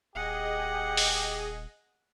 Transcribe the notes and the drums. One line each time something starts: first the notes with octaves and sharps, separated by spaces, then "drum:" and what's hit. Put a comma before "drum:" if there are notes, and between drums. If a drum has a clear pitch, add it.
D#1 G4 G#4 D#5 F#5
drum: open hi-hat